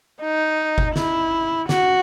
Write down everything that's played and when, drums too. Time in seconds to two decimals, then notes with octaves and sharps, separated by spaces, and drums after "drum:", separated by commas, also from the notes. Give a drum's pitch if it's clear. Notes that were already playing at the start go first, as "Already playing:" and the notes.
0.22 D#4
0.78 drum: kick F#1
0.96 E4, drum: snare
1.69 F#4, drum: snare